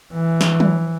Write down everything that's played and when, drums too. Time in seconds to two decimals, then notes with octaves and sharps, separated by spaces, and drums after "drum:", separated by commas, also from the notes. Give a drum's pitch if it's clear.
0.14 E3
0.41 drum: snare
0.60 drum: tom